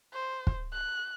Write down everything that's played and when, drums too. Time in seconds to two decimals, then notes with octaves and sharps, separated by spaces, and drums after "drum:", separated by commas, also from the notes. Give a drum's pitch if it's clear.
0.14 C5
0.47 drum: kick
0.73 F#6